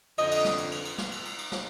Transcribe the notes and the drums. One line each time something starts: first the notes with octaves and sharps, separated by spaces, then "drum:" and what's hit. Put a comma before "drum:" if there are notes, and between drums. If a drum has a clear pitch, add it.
F2 D3 D#5, drum: cymbal
drum: cymbal
drum: snare
drum: cymbal
drum: cymbal
drum: cymbal
drum: snare
drum: cymbal
drum: cymbal
drum: cymbal
drum: snare